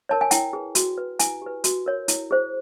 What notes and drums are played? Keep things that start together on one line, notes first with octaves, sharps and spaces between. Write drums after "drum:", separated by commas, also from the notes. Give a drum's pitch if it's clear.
A#4 C#5 A5
G#5
E4 G5, drum: hi-hat
G#4 B4
F#4, drum: hi-hat
B4
E4 G#5, drum: hi-hat
G4 B4
F#4, drum: hi-hat
A#4 C#5
E4, drum: hi-hat
G#4 C5